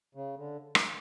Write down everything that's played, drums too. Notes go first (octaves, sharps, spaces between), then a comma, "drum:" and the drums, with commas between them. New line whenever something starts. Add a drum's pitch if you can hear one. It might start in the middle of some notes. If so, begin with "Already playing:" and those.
C#3
D3
drum: rim click